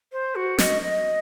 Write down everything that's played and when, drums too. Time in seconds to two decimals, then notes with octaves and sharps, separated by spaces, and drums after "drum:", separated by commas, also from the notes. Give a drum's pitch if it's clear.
0.12 C5
0.35 F#4
0.58 D#5, drum: snare
0.81 D#5